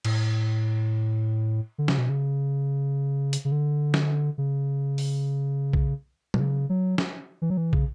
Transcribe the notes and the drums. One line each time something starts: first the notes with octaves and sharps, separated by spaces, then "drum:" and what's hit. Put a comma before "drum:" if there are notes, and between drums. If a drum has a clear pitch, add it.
A2, drum: cymbal
D3
C#3, drum: snare
B2
C#3
drum: hi-hat
C#3
D3
drum: snare
C#3
drum: open hi-hat
drum: kick
B2, drum: tom
C#3
F#3
drum: snare
E3
F#3
E3
C#3, drum: kick